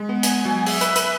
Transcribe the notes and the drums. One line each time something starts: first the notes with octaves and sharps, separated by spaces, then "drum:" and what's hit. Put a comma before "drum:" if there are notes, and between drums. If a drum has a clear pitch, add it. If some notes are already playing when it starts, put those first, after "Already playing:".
Already playing: G#3
B3
B3 G#5, drum: hi-hat
F#3
G#4 E5, drum: open hi-hat
B4, drum: hi-hat
B4, drum: hi-hat